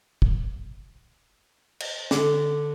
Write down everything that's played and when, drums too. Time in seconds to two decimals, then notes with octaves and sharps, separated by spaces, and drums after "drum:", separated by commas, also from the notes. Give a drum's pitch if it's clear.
0.22 drum: kick
1.80 drum: cymbal
2.11 D3, drum: snare